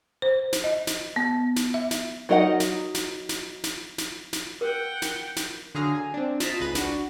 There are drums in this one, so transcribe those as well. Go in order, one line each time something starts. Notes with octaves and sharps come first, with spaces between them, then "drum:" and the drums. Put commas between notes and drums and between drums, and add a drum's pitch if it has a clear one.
C5
drum: snare
D#5
drum: snare
B3
drum: snare
E5
drum: snare
F#3 D#4 A#4 D#5 F#5
drum: snare
drum: snare
drum: snare
drum: snare
drum: snare
drum: snare
A#4 F#5 G5
drum: snare
drum: snare
D3 F#3 G#4 F5 A#5
G#5
C4 D4
F4 D#5 A5 A#5 B6, drum: snare
G#1 C#2 G#4 B4 D#7
D4 F#4, drum: snare